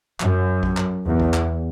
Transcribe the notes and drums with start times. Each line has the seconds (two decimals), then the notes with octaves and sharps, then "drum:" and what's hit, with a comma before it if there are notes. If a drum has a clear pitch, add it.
0.20 F#2, drum: clap
0.63 drum: kick A#1
0.77 drum: clap
1.06 E2
1.20 drum: kick A#1
1.34 drum: clap